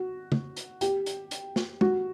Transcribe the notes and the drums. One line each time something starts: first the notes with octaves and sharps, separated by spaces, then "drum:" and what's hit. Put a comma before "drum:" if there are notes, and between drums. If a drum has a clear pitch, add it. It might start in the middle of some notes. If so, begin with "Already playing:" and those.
Already playing: F#4
drum: tom
drum: hi-hat
G4, drum: hi-hat
drum: hi-hat
drum: hi-hat
drum: snare
F#4, drum: tom